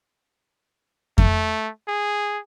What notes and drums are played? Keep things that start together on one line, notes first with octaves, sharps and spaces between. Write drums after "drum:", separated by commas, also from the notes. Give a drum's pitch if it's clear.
A3, drum: kick F2
G#4